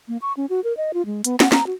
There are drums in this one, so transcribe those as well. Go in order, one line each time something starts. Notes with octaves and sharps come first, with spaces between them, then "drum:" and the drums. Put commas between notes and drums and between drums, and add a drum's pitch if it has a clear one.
A#3
C#6
C#4
F#4
A#4
D#5
F4
G#3
B3, drum: hi-hat
F#5, drum: snare
A#5, drum: snare
F#4